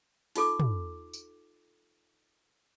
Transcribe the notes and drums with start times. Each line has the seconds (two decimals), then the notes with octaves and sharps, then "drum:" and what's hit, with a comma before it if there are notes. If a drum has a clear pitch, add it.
0.36 D#4 F4 A4 D6, drum: open hi-hat
0.60 drum: tom
1.13 drum: tambourine